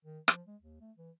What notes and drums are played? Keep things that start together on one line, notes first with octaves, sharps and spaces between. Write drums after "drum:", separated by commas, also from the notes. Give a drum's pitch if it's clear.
D#3
F3, drum: rim click
G#3
D#2
A3
E3